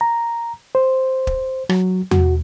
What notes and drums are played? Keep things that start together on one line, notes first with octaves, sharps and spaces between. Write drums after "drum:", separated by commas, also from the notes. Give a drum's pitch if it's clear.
A#5
C5
drum: kick
F#3, drum: rim click
F#4, drum: tom E2